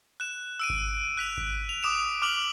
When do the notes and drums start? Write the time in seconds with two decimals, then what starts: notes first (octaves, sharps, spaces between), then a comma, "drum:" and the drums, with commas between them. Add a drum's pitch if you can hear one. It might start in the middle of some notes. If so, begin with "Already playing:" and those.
0.20 F#6 E7
0.60 E6 D7 D#7
0.70 drum: kick G#1
1.17 F#6 B6 F7
1.37 drum: kick G#1
1.69 F7
1.83 D6 D#6 D7 E7 F7
2.22 D6 F6 F7 F#7